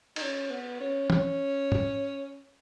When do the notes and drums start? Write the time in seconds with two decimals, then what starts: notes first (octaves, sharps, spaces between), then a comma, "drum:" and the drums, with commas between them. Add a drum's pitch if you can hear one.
0.16 D#4, drum: cymbal
0.22 C#4
0.51 B3
0.80 C#4
1.10 C#4, drum: tom
1.72 drum: tom